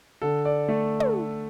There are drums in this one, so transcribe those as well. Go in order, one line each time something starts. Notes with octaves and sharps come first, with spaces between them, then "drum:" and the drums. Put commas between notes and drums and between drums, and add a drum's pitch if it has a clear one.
D3 A4
D5
A3
drum: tom